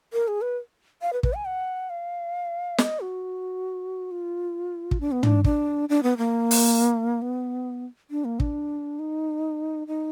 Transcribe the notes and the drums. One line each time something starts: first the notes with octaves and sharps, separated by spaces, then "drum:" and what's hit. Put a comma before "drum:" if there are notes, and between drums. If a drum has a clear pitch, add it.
A#4
G#4
B4
F5
B4
B4, drum: kick
G#5
F#5
F5
D#5, drum: snare
F#4
F4
drum: kick
D4
B3
D4, drum: tom
D4, drum: kick
D4
B3
A#3
drum: open hi-hat
B3
D4
A#3
D4, drum: kick
D#4
D#4